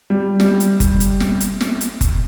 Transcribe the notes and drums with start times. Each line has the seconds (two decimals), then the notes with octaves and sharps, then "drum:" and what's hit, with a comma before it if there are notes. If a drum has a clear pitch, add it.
0.10 G3
0.40 G3, drum: snare
0.60 drum: hi-hat
0.80 drum: kick F#1, hi-hat
1.00 drum: hi-hat
1.20 drum: snare
1.40 drum: hi-hat
1.61 drum: snare
1.81 drum: hi-hat
2.01 drum: kick F#1, hi-hat